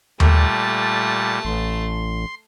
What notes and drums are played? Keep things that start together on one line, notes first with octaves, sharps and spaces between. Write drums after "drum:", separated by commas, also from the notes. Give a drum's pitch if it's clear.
A#2 G3 A3 A5, drum: tom D#2
A1 C6